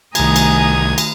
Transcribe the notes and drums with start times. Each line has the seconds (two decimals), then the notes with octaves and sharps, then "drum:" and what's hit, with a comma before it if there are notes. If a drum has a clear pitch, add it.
0.15 C2 D#3 A3 G#5 A#5 D#6 G#6, drum: cymbal
0.36 drum: cymbal
0.98 drum: cymbal